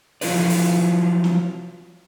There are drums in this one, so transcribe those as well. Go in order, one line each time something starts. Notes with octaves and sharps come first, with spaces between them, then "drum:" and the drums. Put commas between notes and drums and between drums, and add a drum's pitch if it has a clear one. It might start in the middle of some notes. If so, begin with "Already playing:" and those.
F3 F#3 E4 F4 B4 D5, drum: open hi-hat
drum: open hi-hat
drum: snare